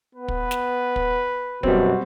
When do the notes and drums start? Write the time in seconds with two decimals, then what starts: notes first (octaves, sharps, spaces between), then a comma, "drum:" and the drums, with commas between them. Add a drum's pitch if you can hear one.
0.15 B3 B4
0.28 drum: kick
0.51 drum: snare
0.96 drum: kick
1.63 F#2 B2 G3 C4 F#4, drum: kick